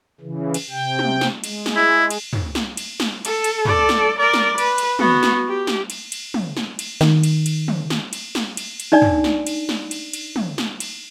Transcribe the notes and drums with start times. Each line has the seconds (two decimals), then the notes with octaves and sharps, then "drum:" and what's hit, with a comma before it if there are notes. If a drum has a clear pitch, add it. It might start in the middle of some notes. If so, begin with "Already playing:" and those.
0.21 C#3 E3
0.54 drum: cymbal
0.70 C3 G5
0.99 drum: tom
1.21 drum: snare
1.44 G#3, drum: cymbal
1.66 drum: snare
1.76 E4
2.10 drum: cymbal
2.33 drum: tom
2.55 drum: snare
2.77 drum: cymbal
3.00 drum: snare
3.25 A4, drum: cymbal
3.44 drum: cymbal
3.65 A4 D5, drum: tom
3.89 drum: snare
4.19 A#4 D5
4.34 drum: snare
4.58 B4, drum: cymbal
4.78 drum: cymbal
4.99 B3 F#4, drum: tom
5.23 drum: snare
5.48 G4
5.67 drum: snare
5.90 drum: cymbal
6.12 drum: cymbal
6.34 drum: tom
6.57 drum: snare
6.79 drum: cymbal
7.01 D#3, drum: snare
7.23 drum: cymbal
7.46 drum: cymbal
7.68 drum: tom
7.90 drum: snare
8.13 drum: cymbal
8.35 drum: snare
8.57 drum: cymbal
8.80 drum: cymbal
8.92 D4 D#4 D5
9.02 drum: tom
9.24 drum: snare
9.47 drum: cymbal
9.69 drum: snare
9.91 drum: cymbal
10.13 drum: cymbal
10.36 drum: tom
10.58 drum: snare
10.80 drum: cymbal